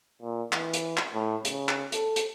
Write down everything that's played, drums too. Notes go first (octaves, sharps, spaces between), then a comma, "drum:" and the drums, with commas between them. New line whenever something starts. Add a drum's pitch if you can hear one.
A#2
E3, drum: clap
drum: hi-hat
drum: clap
A2
C#3, drum: hi-hat
drum: clap
A4, drum: hi-hat
drum: hi-hat